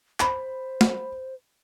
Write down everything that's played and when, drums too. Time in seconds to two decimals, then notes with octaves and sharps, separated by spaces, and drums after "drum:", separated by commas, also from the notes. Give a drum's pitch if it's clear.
0.20 C5 B5, drum: clap
0.81 drum: snare